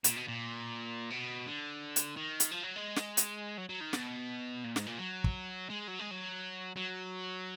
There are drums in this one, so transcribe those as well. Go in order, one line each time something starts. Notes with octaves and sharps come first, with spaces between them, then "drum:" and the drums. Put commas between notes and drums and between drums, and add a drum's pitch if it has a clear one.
A#2, drum: hi-hat
B2
A#2
B2
D3
drum: hi-hat
D#3
drum: hi-hat
F3
F#3
G#3
drum: snare
drum: hi-hat
F#3
F#3
D#3
B2, drum: snare
A#2
G#2, drum: snare
A#2
F#3
drum: kick
G#3
F#3
G#3
F#3
F#3